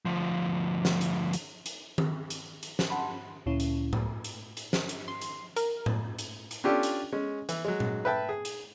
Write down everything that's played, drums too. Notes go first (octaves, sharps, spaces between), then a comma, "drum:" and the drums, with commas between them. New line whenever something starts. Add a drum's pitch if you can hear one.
D2 F3
drum: snare
drum: hi-hat
drum: hi-hat
drum: hi-hat
drum: tom D#3
drum: hi-hat
drum: hi-hat
drum: snare
F#5 A5 B5 C6
D2 A#2 C#4 E4
drum: hi-hat
C#2, drum: tom A2
drum: hi-hat
drum: hi-hat
drum: snare
drum: hi-hat
C6
drum: hi-hat
A#4, drum: hi-hat
drum: tom A2
drum: hi-hat
drum: hi-hat
C#4 D4 F4 G4 A4 D5
drum: hi-hat
G#3 C#4
E3, drum: hi-hat
F#3 G#3
drum: tom A#2
B4 E5 G5 A5
G#4
drum: hi-hat